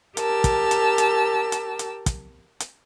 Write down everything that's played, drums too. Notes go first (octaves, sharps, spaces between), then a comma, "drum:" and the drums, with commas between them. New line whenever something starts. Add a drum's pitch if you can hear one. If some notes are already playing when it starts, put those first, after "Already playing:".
G4 A#4 A5 E6, drum: hi-hat
drum: kick, hi-hat
drum: hi-hat
drum: hi-hat
drum: hi-hat
drum: hi-hat
drum: kick, hi-hat
drum: hi-hat